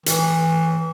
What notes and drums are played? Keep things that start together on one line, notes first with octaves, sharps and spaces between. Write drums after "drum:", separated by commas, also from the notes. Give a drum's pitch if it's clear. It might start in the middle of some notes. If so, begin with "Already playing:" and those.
E3, drum: hi-hat